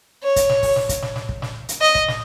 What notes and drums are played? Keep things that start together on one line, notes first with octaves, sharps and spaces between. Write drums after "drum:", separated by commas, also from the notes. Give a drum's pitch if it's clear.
C#5
drum: kick, hi-hat
drum: snare
drum: kick, open hi-hat
drum: snare
drum: kick, hi-hat
drum: snare
drum: snare
drum: kick
drum: snare
drum: hi-hat
D#5
drum: kick
drum: snare